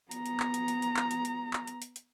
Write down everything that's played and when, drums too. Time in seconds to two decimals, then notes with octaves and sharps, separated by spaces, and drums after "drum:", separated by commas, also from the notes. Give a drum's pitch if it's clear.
0.11 B3 A#5, drum: hi-hat
0.26 drum: hi-hat
0.40 drum: clap
0.54 drum: hi-hat
0.68 drum: hi-hat
0.82 drum: hi-hat
0.97 drum: clap
1.11 drum: hi-hat
1.25 drum: hi-hat
1.53 drum: clap
1.67 drum: hi-hat
1.82 drum: hi-hat
1.96 drum: hi-hat